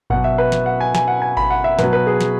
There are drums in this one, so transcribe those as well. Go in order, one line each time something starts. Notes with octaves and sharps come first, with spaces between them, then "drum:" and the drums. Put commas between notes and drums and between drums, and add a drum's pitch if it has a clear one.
B2 F#3 F#5, drum: kick G#1
E5
B4
drum: snare
F#5
G#5
G#5, drum: snare
F#5
G#5
B5, drum: kick G#1
F#5
E5
B2 F#3 B4, drum: snare
B4
G#4
drum: snare